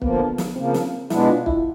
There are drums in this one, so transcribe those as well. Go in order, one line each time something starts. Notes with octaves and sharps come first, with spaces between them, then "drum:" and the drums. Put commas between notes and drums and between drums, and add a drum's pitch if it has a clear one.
D3 F3 A#3 B3, drum: kick
drum: snare
C#3 F3 A#3 C4
drum: snare
B2 G#3 B3 D4 E4, drum: snare
F4
E4, drum: kick